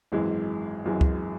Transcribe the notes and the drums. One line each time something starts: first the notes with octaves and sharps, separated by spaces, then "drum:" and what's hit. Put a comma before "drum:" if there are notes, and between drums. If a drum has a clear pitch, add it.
G#1 F#2 E3 G#3
G#1 F#2 E3 G#3
drum: kick C#2